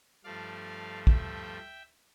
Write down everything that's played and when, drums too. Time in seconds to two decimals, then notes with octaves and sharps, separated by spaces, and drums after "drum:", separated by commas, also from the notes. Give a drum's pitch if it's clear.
0.24 G2 F3 A3 D5 F5
1.07 E5 G5, drum: kick